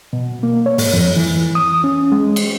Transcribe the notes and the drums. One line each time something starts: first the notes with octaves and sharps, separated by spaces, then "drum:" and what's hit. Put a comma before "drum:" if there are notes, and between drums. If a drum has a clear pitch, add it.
B2
A#3
C#5
G#2, drum: open hi-hat
F2
E3
D#6
C#4
G#3
drum: cymbal